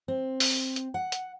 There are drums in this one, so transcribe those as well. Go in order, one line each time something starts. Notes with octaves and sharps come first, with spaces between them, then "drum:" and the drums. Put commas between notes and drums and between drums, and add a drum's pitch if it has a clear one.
C4
drum: open hi-hat
drum: hi-hat
F#5
drum: hi-hat